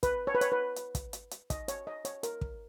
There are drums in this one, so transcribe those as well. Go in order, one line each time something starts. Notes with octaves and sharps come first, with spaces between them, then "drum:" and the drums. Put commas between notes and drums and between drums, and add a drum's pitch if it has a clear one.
B4, drum: kick, hi-hat
C#5
B4
C#5, drum: hi-hat
B4
drum: hi-hat
drum: kick, hi-hat
drum: hi-hat
drum: hi-hat
D#5, drum: kick, hi-hat
C#5, drum: hi-hat
D#5
C#5, drum: hi-hat
A#4, drum: hi-hat
drum: kick